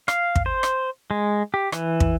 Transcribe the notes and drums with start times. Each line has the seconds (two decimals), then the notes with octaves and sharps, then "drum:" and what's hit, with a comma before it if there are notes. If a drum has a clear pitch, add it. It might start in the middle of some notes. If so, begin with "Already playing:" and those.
0.08 F5, drum: rim click
0.35 drum: kick
0.46 C5
0.63 drum: rim click
1.11 G#3
1.54 G4
1.72 E3, drum: rim click
2.00 drum: kick